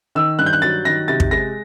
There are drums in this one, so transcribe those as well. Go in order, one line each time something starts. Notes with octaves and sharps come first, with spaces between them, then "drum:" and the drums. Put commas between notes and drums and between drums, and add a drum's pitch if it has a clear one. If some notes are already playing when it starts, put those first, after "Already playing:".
D#3 E6
G2 F#6
G6
F#6
F#3 A6
D#3 A#6
C3 A6
drum: kick
G#3 A#6